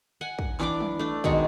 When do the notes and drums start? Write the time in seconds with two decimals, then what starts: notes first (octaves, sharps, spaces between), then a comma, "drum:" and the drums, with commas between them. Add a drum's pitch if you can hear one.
0.21 F#5 G#5
0.39 drum: kick
0.60 E3 D4 D6, drum: clap
0.80 drum: tom
0.99 A3 D4
1.24 B2 D#3 G#3 C#6, drum: kick